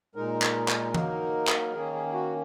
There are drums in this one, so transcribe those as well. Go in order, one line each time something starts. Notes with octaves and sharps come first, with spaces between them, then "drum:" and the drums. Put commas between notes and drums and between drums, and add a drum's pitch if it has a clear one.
A#2 G#3 D#4 A#4
drum: clap
drum: clap
F#3 A#3 D#4, drum: tom E3
drum: clap
D#3 A#3 C#4 G#4
G#4
G#4
F#4